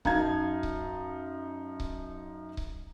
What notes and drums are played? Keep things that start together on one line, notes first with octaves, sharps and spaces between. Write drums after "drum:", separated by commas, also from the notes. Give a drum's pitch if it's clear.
F#2 D#4 F5 A5 G#6, drum: kick C#1
drum: kick C#1
drum: kick C#1
drum: kick C#1